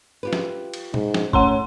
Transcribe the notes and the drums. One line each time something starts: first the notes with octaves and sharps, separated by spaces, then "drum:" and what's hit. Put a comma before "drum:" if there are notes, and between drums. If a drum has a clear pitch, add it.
F4 G4 B4
drum: snare
drum: cymbal
G#2, drum: tom A#2
drum: snare
A2 C#4 F#5 A#5 C6, drum: kick